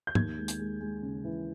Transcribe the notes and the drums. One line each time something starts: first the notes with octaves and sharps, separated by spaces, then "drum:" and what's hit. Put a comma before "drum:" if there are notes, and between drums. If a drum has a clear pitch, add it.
G6
D#2 G#6, drum: tom
G#3
drum: hi-hat
G#3
G#3
C#3
E3